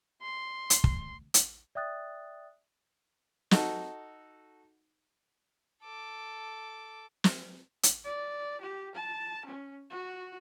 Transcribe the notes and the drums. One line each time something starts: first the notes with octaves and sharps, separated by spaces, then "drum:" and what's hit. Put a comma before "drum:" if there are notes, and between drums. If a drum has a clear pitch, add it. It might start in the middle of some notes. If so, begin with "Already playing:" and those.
C6
drum: hi-hat
drum: kick
drum: hi-hat
D5 E5 G5 D#6 F#6 A6
D#4 F#4 A4, drum: snare
A4 D6
drum: snare
drum: hi-hat
D5
G4
A5
C#4
F#4